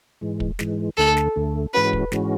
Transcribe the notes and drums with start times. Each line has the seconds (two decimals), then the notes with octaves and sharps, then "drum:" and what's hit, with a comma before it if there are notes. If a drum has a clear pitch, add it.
0.21 G#2 E3 G#3
0.40 drum: kick
0.59 G#2 E3 G#3, drum: snare
0.97 D2 D3 A3 A4
1.17 drum: snare
1.36 D2 D3 A3
1.74 G#2 E3 G#3 C#4 F#4 B4
1.93 drum: kick
2.12 G#2 E3 G#3 C#4 F#4, drum: snare